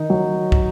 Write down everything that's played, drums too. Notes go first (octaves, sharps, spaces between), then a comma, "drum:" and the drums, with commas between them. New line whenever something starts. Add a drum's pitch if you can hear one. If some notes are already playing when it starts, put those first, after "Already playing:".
Already playing: D#3 D#4
F#3
drum: kick